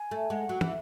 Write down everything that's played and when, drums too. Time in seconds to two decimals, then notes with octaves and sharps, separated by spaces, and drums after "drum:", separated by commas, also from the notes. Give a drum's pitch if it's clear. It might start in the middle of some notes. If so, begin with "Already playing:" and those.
Already playing: G#5
0.11 A3
0.30 G#3 F#5
0.49 F#3
0.61 E3, drum: tom